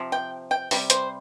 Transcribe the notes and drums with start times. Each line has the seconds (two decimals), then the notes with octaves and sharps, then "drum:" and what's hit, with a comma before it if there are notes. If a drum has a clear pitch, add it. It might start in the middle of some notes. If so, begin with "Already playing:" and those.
Already playing: C3 F3
0.12 G5
0.51 G5
0.71 C3 G3, drum: open hi-hat
0.90 C5, drum: hi-hat